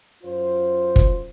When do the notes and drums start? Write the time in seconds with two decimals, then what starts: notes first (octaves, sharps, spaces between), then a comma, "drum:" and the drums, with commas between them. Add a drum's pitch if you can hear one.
0.24 F#2 F4 C5
0.96 drum: kick